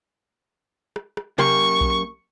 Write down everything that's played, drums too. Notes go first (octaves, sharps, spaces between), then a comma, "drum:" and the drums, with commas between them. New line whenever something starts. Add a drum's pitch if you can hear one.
drum: rim click
drum: rim click
F#2 A#3 G4 C#6, drum: tom C3
drum: kick B1